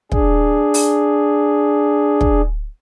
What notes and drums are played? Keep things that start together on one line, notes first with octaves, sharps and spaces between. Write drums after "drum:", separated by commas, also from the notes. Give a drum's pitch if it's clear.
D4 G#4, drum: kick
drum: open hi-hat
drum: kick